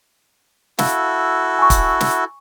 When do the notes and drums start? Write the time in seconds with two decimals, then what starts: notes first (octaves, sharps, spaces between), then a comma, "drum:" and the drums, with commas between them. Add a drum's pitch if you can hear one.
0.79 E4 F#4 A4 F5, drum: snare
1.59 G#5 C#6
1.70 drum: kick, hi-hat
2.01 drum: snare